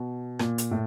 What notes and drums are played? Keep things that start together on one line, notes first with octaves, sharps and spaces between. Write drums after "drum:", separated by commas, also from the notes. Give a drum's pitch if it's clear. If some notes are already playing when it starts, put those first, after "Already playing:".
Already playing: B2
A#2, drum: rim click
drum: hi-hat
A2